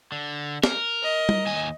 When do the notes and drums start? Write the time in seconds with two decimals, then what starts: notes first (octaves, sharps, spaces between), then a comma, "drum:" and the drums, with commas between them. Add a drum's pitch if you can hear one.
0.12 D3
0.64 A#4, drum: snare
1.03 D#5
1.29 drum: tom G3
1.47 D#2 G#5